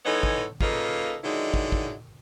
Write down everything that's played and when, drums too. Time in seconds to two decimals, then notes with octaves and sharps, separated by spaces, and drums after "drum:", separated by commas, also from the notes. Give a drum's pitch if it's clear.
0.05 E3 G#3 B3 D#4 A4 C#5
0.23 drum: kick
0.61 C#3 A#3 D#4 F4 A4 B4, drum: kick
1.23 D3 D#3 F#3 G#3 D#4 E4
1.54 drum: kick
1.72 drum: kick